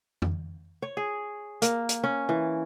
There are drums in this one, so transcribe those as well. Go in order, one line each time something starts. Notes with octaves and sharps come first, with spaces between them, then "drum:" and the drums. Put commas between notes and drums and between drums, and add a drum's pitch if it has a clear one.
drum: tom F2
C#5
G#4
A#3, drum: hi-hat
drum: hi-hat
C#4
E3